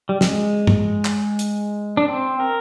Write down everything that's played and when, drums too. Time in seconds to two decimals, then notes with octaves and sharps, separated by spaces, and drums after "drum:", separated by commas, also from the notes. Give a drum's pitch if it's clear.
0.09 G3
0.21 G#3, drum: snare
0.67 drum: tom G2
1.05 drum: clap
1.39 drum: hi-hat
1.97 D4
2.08 C4
2.40 A#4